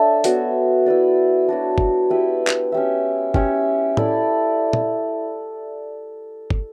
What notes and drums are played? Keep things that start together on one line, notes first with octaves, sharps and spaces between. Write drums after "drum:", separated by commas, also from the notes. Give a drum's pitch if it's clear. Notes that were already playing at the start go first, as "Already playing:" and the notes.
Already playing: D4 A4 C#5 E5
B3 F#4 C#5, drum: hi-hat
E4 B4 D5
D4 F#4 C#5
drum: kick
E4 G4 B4
drum: clap
C#4 G4 C#5 E5
C#4 G4 C#5 E5, drum: kick
E4 A4 D5, drum: tom A2
drum: tom
drum: kick